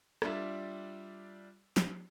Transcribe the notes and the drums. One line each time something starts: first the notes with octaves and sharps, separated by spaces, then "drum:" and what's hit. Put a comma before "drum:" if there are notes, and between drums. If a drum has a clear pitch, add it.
G3 D4 F4 D5 E5, drum: rim click
drum: snare